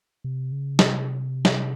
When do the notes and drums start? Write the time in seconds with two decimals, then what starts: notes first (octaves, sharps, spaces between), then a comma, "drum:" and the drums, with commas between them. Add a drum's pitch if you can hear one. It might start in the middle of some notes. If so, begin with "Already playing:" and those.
0.24 C3
0.52 C#3
0.79 C3, drum: snare
1.45 drum: snare